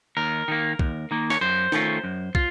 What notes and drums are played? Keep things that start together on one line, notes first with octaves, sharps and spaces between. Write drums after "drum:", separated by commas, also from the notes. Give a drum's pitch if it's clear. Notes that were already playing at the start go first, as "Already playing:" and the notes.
D#2 A#4
D#3 A#3
D#2, drum: kick
D#3 A#3
C#5, drum: snare
F#2 C5
D#3 A3 C#4 F4, drum: snare
F#2
F4, drum: kick